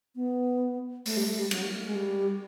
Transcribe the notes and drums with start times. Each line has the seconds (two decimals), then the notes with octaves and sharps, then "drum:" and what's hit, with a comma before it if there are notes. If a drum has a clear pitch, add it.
0.15 B3
1.06 A3, drum: open hi-hat
1.17 G3
1.27 A3
1.39 G3
1.51 F#3, drum: cymbal
1.62 G3
1.73 A3
1.85 G#3
1.95 G3